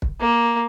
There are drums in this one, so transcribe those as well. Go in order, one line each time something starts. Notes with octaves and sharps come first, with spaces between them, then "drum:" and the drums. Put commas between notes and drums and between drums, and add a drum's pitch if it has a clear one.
drum: kick
A#3